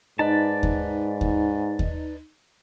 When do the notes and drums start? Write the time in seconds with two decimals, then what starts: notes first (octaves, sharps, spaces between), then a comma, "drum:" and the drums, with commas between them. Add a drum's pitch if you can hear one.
0.19 G#2 D#4 B4 D5 A5
0.63 drum: kick D#2
1.21 drum: kick D#2
1.79 drum: kick D#2